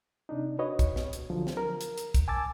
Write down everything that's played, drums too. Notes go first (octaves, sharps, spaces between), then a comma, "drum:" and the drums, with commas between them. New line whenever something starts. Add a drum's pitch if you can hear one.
C3 D4 D#4
F#4 B4 C#5 D#5
drum: kick, hi-hat
drum: snare
drum: hi-hat
D3 F3 F#3
drum: snare
A#4
drum: hi-hat
drum: hi-hat
drum: kick, hi-hat
G#5 A5 D6 E6 A6